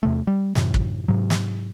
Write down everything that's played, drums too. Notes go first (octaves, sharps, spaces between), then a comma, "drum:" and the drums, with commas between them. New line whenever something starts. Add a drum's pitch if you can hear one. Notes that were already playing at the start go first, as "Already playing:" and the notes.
E2 C3 A3
G3
F#2 A2 C3 E3, drum: snare
drum: kick
G#2 C3 F#3
drum: snare